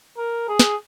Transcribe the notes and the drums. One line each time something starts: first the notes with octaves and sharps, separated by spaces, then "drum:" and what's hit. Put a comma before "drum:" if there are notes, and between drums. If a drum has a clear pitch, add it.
A#4
G#4
drum: snare